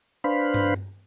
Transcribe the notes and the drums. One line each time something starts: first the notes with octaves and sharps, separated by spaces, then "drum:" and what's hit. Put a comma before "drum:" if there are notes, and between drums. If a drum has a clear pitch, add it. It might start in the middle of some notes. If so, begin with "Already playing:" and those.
D4 B4 C5 F5 B5
drum: tom G2